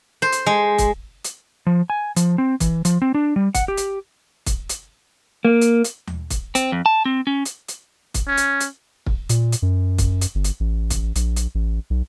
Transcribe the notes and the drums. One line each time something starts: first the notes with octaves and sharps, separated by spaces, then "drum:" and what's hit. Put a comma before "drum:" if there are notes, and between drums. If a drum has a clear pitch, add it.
C5
drum: hi-hat
G#3
drum: kick, hi-hat
drum: hi-hat
F3
G#5
F3, drum: hi-hat
C4
E3, drum: kick, hi-hat
F3, drum: hi-hat
C4
D4
G3
F#5, drum: kick, hi-hat
G4
drum: hi-hat
drum: kick, hi-hat
drum: hi-hat
A#3
drum: hi-hat
drum: hi-hat
drum: tom D#2
drum: kick, hi-hat
C4, drum: hi-hat
F2
A5
C4
C#4
drum: hi-hat
drum: hi-hat
drum: kick, hi-hat
C#4
drum: hi-hat
drum: hi-hat
drum: kick
A#2, drum: hi-hat
drum: hi-hat
F#2
drum: kick, hi-hat
drum: hi-hat
G1
drum: hi-hat
A1
drum: kick, hi-hat
A#1, drum: hi-hat
drum: hi-hat
A1
B1